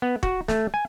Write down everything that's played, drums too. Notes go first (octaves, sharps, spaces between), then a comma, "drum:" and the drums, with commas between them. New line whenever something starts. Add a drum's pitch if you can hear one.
B3
F#4, drum: kick
A3, drum: snare
G#5